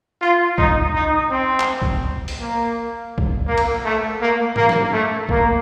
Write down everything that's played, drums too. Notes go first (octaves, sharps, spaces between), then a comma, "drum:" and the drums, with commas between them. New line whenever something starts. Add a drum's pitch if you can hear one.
F4
D#4, drum: kick
D#4
C4
drum: clap
drum: kick
drum: open hi-hat
A#3
drum: kick
A#3
drum: cymbal
A3
A#3
A#3, drum: tom G2
drum: snare
A3
A#3, drum: kick